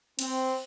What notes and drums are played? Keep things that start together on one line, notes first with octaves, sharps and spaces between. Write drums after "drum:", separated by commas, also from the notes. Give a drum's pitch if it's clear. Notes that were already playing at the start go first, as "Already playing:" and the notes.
C4, drum: cymbal